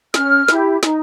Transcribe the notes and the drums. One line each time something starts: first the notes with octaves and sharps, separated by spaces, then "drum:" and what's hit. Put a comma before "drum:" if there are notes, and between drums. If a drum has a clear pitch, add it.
C#4 F6, drum: snare
E4, drum: snare
G4
D#4, drum: snare